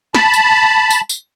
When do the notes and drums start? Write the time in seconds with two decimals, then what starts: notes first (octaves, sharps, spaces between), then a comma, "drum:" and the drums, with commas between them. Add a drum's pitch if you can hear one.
0.15 A5 B5, drum: snare
0.34 drum: tambourine
0.90 drum: tambourine
1.09 drum: tambourine